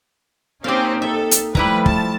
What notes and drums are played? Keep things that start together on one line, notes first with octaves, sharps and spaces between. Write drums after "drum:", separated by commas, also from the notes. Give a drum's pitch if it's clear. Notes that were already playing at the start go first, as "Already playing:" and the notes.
A#3 C4 C#4 D#4 G4 F5
A4 E5
drum: hi-hat
F3 G3 A3 E4 B4 A#5, drum: kick
A5, drum: kick